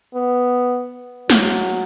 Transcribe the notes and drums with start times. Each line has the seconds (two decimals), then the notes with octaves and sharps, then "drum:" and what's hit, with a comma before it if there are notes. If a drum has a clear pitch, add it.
0.15 B3
1.30 F#3, drum: snare